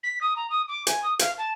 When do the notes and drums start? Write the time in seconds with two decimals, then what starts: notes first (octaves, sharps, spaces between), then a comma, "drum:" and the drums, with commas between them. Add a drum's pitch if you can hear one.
0.03 B6
0.21 D#6
0.36 A#5
0.50 D#6
0.68 D6
0.87 G#5, drum: hi-hat
1.03 D#6
1.19 F5, drum: hi-hat
1.38 A5